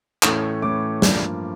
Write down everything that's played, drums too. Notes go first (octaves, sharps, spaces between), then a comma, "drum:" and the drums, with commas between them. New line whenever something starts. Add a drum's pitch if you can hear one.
A2 E3 A3 C#4, drum: clap
A2 E3 A3 C#4 D6
G2 F3 A#3, drum: snare